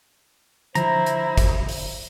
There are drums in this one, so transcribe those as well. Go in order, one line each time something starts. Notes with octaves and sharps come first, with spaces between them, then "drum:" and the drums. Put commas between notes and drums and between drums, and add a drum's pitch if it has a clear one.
D3 F3 E4 C5 A#5, drum: hi-hat
drum: hi-hat
drum: kick, hi-hat
drum: open hi-hat